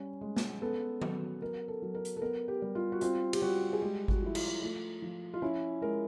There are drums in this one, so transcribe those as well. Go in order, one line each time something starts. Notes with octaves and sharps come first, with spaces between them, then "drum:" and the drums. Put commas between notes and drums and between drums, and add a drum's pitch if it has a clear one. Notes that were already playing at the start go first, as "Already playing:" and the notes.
Already playing: G3 C#4
G#3
drum: snare A#3
B3 A4
F#3, drum: tom D#3
B3 A#4
A4
F#3
A#4
drum: hi-hat
A4
B3 A#4
G4
G3
F4
F#4
C4 F4, drum: hi-hat
G4, drum: cymbal
G3 F#4
G#4
G#3 G4
F#4, drum: kick G#1
F3 E4
F4, drum: cymbal
A3 F4
F3
F4
C#4 E4
G#3 A#4